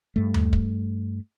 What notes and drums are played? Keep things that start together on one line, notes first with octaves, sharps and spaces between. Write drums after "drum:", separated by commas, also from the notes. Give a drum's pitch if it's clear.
G2 A3
drum: tom D#2
drum: kick